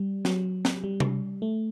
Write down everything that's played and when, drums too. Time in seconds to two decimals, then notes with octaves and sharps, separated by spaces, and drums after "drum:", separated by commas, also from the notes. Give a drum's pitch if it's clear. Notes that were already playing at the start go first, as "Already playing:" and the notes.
Already playing: G3
0.25 F#3, drum: snare
0.65 drum: snare
0.84 G3
1.00 drum: tom C3
1.42 A3